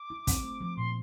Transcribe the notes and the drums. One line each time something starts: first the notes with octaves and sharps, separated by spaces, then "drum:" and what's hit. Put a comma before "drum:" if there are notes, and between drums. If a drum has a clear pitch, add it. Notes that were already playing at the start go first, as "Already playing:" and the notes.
Already playing: D6
E4
C4, drum: kick, hi-hat
A3
F3
A#2 C6